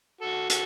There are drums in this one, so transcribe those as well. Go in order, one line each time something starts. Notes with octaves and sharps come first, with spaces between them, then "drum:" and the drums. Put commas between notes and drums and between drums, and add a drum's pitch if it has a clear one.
F#4 A4
F#4 A4, drum: hi-hat